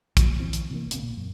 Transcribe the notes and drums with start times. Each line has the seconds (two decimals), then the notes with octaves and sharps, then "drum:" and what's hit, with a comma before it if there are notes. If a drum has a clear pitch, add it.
0.17 A#2 F3 F#3, drum: kick, hi-hat
0.39 D2 E3 C4
0.53 drum: hi-hat
0.71 C3 E3 A#3
0.91 D2 C3 A#3, drum: hi-hat
1.03 A#2
1.17 F#2